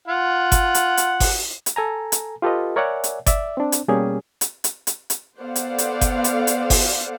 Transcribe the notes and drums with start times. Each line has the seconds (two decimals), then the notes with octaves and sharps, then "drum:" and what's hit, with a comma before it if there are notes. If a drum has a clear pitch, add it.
0.08 F4 F#5
0.52 drum: kick G1, hi-hat
0.75 drum: hi-hat
0.97 drum: hi-hat
1.20 drum: kick G1, open hi-hat
1.66 drum: hi-hat
1.76 A4 G#5 A#5
2.12 drum: hi-hat
2.42 F4 G4 A4 B4 D#5
2.76 A#4 C#5 D5 E5 F#5 G#5
3.04 drum: hi-hat
3.26 D5 E5, drum: kick G1, hi-hat
3.57 C4 D4
3.72 drum: hi-hat
3.88 B2 G3 A#3 C#4 G4 G#4
4.41 drum: hi-hat
4.64 drum: hi-hat
4.87 drum: hi-hat
5.10 drum: hi-hat
5.40 B3 A4 C5 D5 F5 F#5
5.56 drum: hi-hat
5.78 drum: hi-hat
6.01 drum: kick G1, hi-hat
6.24 drum: hi-hat
6.47 drum: hi-hat
6.70 drum: kick G1, open hi-hat